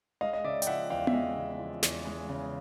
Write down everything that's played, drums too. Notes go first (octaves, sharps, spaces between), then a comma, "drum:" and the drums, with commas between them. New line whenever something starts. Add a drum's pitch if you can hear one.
G#3 D#5 F5
D#5
C#3 D5 E5
G5, drum: hi-hat
F3 E5 F#5
E2 F5 G5
E5, drum: tom B3
G#3 D#5 F5
C#3
F3
E2, drum: snare
G#3
C#3